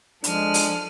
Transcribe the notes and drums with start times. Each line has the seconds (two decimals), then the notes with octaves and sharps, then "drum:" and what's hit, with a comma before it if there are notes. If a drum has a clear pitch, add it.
0.24 F3 G#3 D4 A4 F6 D#7, drum: hi-hat
0.54 drum: open hi-hat